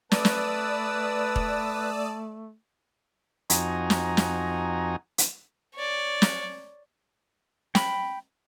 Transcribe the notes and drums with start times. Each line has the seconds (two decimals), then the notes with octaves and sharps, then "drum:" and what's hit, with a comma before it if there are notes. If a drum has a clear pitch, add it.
0.12 A3 B4 D5 A5 D#6 E6, drum: snare
0.25 drum: snare
1.36 drum: kick
3.50 F2 D#4 F#4 G#5 A#5, drum: hi-hat
3.90 drum: snare
4.17 drum: snare
5.18 drum: hi-hat
5.75 C#5 D5
6.22 drum: snare
7.75 G5 B5, drum: snare